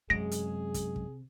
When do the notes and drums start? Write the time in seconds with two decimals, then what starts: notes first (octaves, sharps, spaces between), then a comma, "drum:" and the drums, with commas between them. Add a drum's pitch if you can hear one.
0.10 F#2 C3 G#3 G#4 A#6 D7
0.31 drum: hi-hat
0.74 drum: kick, hi-hat
0.96 drum: kick